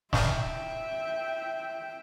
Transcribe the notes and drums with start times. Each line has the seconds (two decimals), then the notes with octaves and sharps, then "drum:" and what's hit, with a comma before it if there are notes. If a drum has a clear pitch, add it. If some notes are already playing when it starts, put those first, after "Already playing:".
0.13 E5 G5, drum: snare